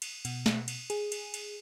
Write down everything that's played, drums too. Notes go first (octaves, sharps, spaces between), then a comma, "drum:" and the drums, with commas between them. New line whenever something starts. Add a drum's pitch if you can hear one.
drum: cymbal
B2, drum: cymbal
drum: snare
drum: cymbal
G#4, drum: cymbal
drum: cymbal
drum: cymbal